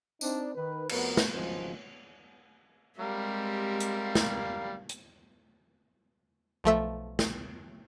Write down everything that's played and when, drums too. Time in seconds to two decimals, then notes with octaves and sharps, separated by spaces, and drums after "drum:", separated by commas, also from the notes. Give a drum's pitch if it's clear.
0.21 C4 D4 D#4, drum: tambourine
0.55 D#3 B4
0.89 F2 A3 B3 F#4 A#4 B4, drum: cymbal
1.17 drum: snare
1.33 G#1 C#3 F3 F#3 G#3 C5
2.99 G3 G#3 C4 G4 A#4 F5
3.80 drum: hi-hat
4.15 drum: snare
4.89 drum: hi-hat
6.64 B1 F3 A3 E5
7.19 drum: snare